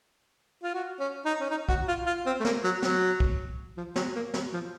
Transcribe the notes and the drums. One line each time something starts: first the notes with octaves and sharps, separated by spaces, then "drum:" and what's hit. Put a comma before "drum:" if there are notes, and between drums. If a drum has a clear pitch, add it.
F4
F#4
C#4
D#4
C#4
D#4
F#4, drum: kick
F4
F4
C4
A3
A#3, drum: snare
F#3
F#3, drum: snare
drum: kick
F3
F#3, drum: snare
A#3
F#3, drum: snare
F3